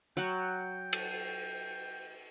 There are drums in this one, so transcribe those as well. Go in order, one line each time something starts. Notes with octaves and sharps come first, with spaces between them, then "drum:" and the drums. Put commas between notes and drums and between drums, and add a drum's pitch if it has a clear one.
F#3 F#4 G5
drum: cymbal